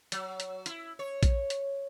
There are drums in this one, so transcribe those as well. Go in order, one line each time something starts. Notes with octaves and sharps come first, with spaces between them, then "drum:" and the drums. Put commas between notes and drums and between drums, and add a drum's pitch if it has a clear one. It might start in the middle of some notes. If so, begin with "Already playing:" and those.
F#3, drum: hi-hat
drum: hi-hat
E4, drum: hi-hat
C#5
drum: kick A#1, hi-hat
drum: hi-hat